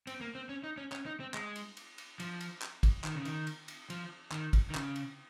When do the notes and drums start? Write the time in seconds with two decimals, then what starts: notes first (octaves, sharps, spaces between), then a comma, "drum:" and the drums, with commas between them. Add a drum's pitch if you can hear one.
0.07 C4, drum: cymbal
0.21 A#3
0.35 C4
0.49 C#4
0.64 D#4
0.77 C#4
0.92 C#4, drum: clap
1.06 D#4
1.20 C4
1.34 G#3, drum: clap
1.56 drum: cymbal
1.77 drum: cymbal
1.98 drum: cymbal
2.20 F3, drum: cymbal
2.41 drum: cymbal
2.62 drum: clap
2.83 drum: kick, cymbal
3.04 D#3, drum: clap
3.15 C#3
3.25 D#3, drum: cymbal
3.47 drum: cymbal
3.68 drum: cymbal
3.90 F3, drum: cymbal
4.32 D#3, drum: clap
4.53 drum: kick, cymbal
4.70 D#3
4.75 C#3, drum: clap
4.96 drum: cymbal